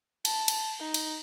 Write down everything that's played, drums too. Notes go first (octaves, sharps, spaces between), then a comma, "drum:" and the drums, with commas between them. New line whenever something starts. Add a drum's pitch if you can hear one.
A5, drum: cymbal
drum: cymbal
D#4
drum: cymbal